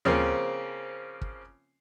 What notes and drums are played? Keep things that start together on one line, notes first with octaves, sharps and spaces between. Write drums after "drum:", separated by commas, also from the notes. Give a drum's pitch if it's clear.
C#3 F3 A#3 C4 C#4, drum: tom D2
drum: kick